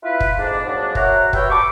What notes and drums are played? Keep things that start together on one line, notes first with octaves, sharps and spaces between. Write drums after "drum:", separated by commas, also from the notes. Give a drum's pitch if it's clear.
E4 F4 B4
drum: kick
F2 G#2 D4
F2 A#2 F#3 G#3 D4
E4 F#4 A#4 C#5 F#5 A#5, drum: kick
F#4 G4 B4 C#5 E5 G5, drum: kick
A5 B5 C#6 D6